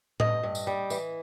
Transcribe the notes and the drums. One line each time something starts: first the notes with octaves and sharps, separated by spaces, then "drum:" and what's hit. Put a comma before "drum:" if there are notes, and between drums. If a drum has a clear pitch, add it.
G2 D#5, drum: tom A2
G2
drum: tambourine
G3
E3, drum: tambourine